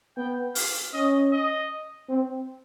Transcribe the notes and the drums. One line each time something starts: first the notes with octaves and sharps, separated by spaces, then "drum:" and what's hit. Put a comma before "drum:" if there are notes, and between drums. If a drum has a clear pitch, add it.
B3 G5
F5, drum: open hi-hat
C#4 D#5
D#5
C4